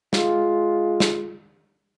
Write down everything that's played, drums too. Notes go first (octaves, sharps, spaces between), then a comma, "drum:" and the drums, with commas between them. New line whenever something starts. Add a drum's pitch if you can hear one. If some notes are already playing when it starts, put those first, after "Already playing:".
G#3 F4, drum: snare
drum: snare